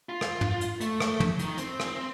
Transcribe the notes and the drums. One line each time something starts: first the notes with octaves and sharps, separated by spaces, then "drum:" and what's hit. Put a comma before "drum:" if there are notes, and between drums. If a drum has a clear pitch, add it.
F4
drum: rim click
drum: tom
drum: hi-hat
A3, drum: hi-hat
drum: rim click
drum: tom
D#3, drum: hi-hat
C4, drum: hi-hat
drum: rim click